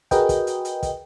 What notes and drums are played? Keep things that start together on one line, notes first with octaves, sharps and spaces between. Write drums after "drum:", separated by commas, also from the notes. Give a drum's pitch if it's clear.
F#4 G#4 A#4 B4 D#5 G5, drum: kick, hi-hat
drum: kick, hi-hat
drum: hi-hat
drum: hi-hat
drum: kick, hi-hat